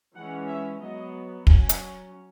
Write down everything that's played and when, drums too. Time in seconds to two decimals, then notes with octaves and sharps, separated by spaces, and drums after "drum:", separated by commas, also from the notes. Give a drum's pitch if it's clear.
0.16 E3 G#3 C#4 F#5
0.48 E5
0.81 F#3 B3 D#5
1.47 F#3 C#4 G#5, drum: kick
1.69 drum: hi-hat